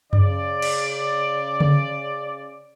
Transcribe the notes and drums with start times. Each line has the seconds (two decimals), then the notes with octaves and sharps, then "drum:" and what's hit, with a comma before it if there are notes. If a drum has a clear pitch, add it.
0.13 C#3 D5, drum: tom F#2
0.62 drum: cymbal
1.60 drum: tom C#3